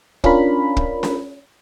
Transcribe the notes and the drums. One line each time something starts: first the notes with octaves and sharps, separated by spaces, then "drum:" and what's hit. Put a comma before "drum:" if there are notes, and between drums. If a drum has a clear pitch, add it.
C#4 D4 F4 A#4 B5, drum: kick
drum: kick
drum: snare C#4